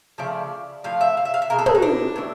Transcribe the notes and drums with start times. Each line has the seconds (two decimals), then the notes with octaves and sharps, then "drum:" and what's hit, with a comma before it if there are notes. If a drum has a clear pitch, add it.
0.18 C#3 F3 A3 D5
0.84 A2 F3 A3 F5
1.01 E5
1.17 F5
1.25 E5
1.34 F5
1.42 E5
1.50 B2 G#3 A#4
1.59 A4
1.66 G#4, drum: tom
1.75 D#4
1.82 D4
2.16 A2 E3